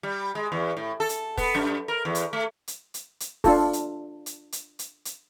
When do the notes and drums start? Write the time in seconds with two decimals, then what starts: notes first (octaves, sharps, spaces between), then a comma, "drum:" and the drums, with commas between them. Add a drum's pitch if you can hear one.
0.03 G3
0.35 G#3
0.52 E2
0.77 A2
1.00 A4
1.09 drum: hi-hat
1.37 B3, drum: kick, open hi-hat
1.55 F#2
1.88 A#4
2.05 E2
2.15 drum: hi-hat
2.33 A3
2.68 drum: hi-hat
2.94 drum: hi-hat
3.20 drum: hi-hat
3.44 D4 F4 A4, drum: kick, open hi-hat
3.73 drum: hi-hat
4.26 drum: hi-hat
4.52 drum: hi-hat
4.79 drum: hi-hat
5.05 drum: hi-hat